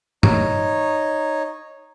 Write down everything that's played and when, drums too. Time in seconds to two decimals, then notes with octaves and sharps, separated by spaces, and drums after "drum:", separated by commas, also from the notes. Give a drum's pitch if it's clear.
0.23 D#4 C#5, drum: tom G2